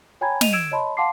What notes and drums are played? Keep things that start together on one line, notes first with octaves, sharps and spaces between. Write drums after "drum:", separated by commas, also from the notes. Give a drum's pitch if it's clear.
C#5 G5 G#5 A#5 B5 G#6
D#5 D#7 F7, drum: snare
E6 G#6 D7 E7
C#5 D#5 A5 B5 C6
F5 F#5 A5 C6 D6 C7